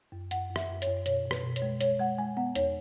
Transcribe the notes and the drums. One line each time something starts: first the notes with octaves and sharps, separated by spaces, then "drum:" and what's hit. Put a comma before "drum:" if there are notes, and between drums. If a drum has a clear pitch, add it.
F#2
F#2 F#5, drum: hi-hat
F#2
E5, drum: rim click
F#2
C#5, drum: hi-hat
F#2
B2 C#5, drum: hi-hat
B2
B4, drum: rim click
B2
C#5, drum: hi-hat
G#3
G#3 C#5, drum: hi-hat
G#3 F#5
G#3 G#5
B3 F#5
E2 C#5, drum: hi-hat